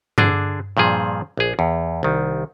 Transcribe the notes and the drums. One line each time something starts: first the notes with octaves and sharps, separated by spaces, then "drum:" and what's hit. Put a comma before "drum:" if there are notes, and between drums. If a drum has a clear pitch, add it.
D3 D4 G#4, drum: tom G2
G2 A#2 F3 G#4
A#1 G#4
E2
C2 D#3